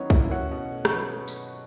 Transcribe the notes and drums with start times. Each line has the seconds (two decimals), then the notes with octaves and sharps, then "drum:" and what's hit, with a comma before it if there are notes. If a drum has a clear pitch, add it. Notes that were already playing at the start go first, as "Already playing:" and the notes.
Already playing: D#2 D#3 F#3 B3 C#4 D#4 E4 C#5
0.10 D#2 E4 E5, drum: kick
0.31 C#4 F#4 F#5
0.51 B2
0.72 A3
0.85 C#6, drum: rim click
0.93 F#3 B4 B5
1.27 drum: tambourine